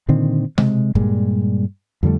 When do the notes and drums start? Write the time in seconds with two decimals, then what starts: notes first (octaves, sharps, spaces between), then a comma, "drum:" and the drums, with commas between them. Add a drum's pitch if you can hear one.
0.08 A#2 D3 D#3 C4
0.58 C3 G#3, drum: tom B2
0.95 G2 A#2 G3 G#3, drum: kick
2.03 F2 D3 G3 A3